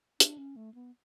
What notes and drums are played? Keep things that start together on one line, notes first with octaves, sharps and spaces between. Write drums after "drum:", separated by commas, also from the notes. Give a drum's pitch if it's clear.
D4, drum: hi-hat
C#4
A3
B3